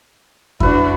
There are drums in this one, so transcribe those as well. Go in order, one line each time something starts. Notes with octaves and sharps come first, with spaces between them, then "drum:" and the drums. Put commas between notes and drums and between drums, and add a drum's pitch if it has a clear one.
D4 E4 F#4 B4, drum: kick F2